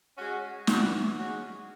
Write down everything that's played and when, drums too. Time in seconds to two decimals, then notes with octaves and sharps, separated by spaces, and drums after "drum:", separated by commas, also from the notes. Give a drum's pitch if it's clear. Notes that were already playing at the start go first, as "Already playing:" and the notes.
0.17 G#3 C#4 F#4
0.67 E3 G3 A#3 D4 F#4, drum: snare
1.18 G#3 C#4 F#4